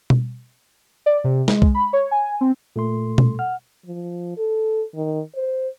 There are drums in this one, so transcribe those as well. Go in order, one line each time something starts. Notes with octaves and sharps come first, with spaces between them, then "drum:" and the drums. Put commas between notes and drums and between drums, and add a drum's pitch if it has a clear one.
drum: tom B2
D5
C3
G#3, drum: snare
drum: kick B1
B5
C#5
G#5
C4
A#2 A3 A4 C6
drum: tom B2
F#5 F6
F3
A4
D#3
C5